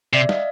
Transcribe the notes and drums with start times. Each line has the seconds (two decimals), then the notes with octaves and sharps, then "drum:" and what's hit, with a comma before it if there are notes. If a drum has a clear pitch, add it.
0.13 C3 D5 E5
0.29 D#5 F5, drum: snare